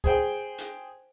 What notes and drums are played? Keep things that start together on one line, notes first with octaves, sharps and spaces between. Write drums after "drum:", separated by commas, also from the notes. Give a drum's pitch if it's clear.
G#4 C5 G5, drum: kick
drum: hi-hat